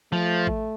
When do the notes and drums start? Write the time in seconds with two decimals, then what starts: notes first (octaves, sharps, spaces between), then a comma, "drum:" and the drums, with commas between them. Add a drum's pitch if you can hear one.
0.12 F3 A3
0.47 drum: kick A1